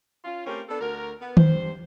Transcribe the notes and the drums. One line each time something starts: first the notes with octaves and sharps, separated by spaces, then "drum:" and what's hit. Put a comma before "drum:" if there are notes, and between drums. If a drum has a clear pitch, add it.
C#4 F4
A3 C4 C#4 G4 A#4
B3 D4 A4
D2 F#4 A#4
B3
G2 C5, drum: tom D#3